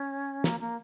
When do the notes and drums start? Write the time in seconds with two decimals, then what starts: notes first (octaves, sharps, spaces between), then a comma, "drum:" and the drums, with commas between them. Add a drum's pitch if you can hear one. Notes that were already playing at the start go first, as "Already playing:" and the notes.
Already playing: C#4
0.44 A#3, drum: snare
0.60 A#3